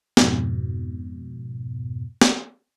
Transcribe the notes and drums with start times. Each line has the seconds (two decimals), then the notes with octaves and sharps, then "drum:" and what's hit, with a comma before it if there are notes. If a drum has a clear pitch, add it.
0.17 F2 G#2 B2, drum: snare
2.22 drum: snare